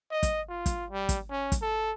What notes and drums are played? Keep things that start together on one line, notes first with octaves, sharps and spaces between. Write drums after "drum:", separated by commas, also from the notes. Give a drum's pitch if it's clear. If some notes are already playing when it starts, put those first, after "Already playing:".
D#5
drum: kick, hi-hat
F4
drum: kick, hi-hat
G3
drum: kick, hi-hat
C#4
drum: kick, hi-hat
A4